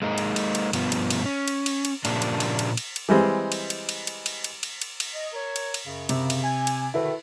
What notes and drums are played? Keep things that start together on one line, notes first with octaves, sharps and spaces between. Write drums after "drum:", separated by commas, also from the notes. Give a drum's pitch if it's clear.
G#3 A#3 D#4
drum: cymbal
drum: cymbal
drum: cymbal
G2 B2 F3 B3, drum: cymbal
drum: cymbal
drum: cymbal
C#4
drum: cymbal
drum: cymbal
drum: cymbal
A#2 C#3 F3 A#3 D4 G4, drum: cymbal
drum: cymbal
drum: cymbal
drum: cymbal
drum: cymbal
drum: cymbal
E3 G3 G#3 C4
drum: cymbal
drum: cymbal
drum: cymbal
drum: cymbal
drum: cymbal
drum: cymbal
drum: cymbal
drum: cymbal
drum: cymbal
D#5
A#4 C#5
drum: cymbal
drum: cymbal
F#2 C#3
C3, drum: cymbal
drum: cymbal
G#5
drum: cymbal
B2 D3 D#3 E4 A4 B4